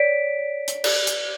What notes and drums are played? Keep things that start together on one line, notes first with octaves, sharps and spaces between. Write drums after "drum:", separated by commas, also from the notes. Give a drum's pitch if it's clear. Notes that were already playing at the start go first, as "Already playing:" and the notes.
Already playing: C#5 D5 B6 D7
D5
drum: hi-hat
D5, drum: cymbal
drum: hi-hat